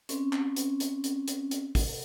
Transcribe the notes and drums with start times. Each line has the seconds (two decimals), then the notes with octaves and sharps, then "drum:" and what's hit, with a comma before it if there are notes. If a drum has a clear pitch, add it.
0.09 C4 C#4, drum: hi-hat
0.33 drum: clap
0.56 drum: hi-hat
0.80 drum: hi-hat
1.04 drum: hi-hat
1.28 drum: hi-hat
1.51 drum: hi-hat
1.75 drum: kick, open hi-hat